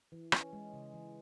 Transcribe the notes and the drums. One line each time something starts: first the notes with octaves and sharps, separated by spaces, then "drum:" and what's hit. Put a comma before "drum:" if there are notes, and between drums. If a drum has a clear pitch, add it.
E3
C#4, drum: rim click
G#3
C#3
E3